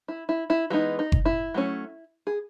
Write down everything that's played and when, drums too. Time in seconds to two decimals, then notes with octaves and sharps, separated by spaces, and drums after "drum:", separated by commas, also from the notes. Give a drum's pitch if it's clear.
0.08 E4
0.29 E4
0.50 E4
0.70 E3 G#3 B3 D#4 F#4
0.99 D#4
1.12 drum: kick F#1
1.25 E4
1.54 F#3 A3 C#4
2.27 G#4